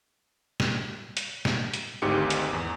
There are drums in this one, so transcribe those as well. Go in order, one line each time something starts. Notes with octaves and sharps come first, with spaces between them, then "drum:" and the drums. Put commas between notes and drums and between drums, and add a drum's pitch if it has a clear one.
drum: snare
drum: hi-hat
drum: snare
drum: hi-hat
G#1 D2 G#2 G4 C#7
drum: hi-hat
E2